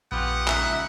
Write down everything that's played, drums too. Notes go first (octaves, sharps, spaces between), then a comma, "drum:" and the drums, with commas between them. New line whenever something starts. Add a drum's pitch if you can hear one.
A#1 B3 F4 G4 F#5
C#2 D#4 E5, drum: clap